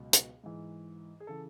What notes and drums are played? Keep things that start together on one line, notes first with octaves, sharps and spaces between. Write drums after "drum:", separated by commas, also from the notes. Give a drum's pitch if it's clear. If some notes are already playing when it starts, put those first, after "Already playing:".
Already playing: C#2 B2 F#3
drum: hi-hat
G#2 E3
G#4
C#3 E3 A4